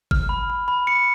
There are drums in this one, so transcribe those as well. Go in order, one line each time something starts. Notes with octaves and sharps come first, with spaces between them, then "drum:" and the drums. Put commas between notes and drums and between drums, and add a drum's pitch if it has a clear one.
F6, drum: kick G#1
B5
B5
B5
C#7